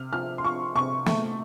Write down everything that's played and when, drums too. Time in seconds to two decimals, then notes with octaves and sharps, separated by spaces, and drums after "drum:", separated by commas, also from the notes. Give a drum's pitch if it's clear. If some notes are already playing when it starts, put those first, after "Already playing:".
Already playing: C3 F6
0.13 F3 F6
0.38 C6
0.44 F3 C#6
0.75 C3 C#6
1.06 A3, drum: snare